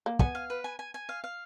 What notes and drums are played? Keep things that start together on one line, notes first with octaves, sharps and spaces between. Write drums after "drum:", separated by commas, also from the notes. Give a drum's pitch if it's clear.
A#3
B3 G#5, drum: kick
F5
B4
G#5
G#5
G#5
F5
F5